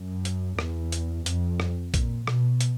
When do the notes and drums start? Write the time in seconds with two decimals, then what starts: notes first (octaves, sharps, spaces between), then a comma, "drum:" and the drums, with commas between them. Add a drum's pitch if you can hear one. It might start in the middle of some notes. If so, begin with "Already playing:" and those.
Already playing: F#2
0.25 drum: hi-hat
0.59 E2, drum: rim click
0.92 drum: hi-hat
1.26 F2, drum: hi-hat
1.60 drum: rim click
1.94 A#2, drum: kick, hi-hat
2.27 B2, drum: rim click
2.61 drum: hi-hat